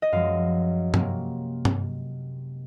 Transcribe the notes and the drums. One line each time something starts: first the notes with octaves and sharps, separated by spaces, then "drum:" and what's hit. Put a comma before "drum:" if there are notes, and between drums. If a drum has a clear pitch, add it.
D#5
F#2 F3 G#3 F5
C3 F#3 A#3, drum: tom G2
drum: tom G2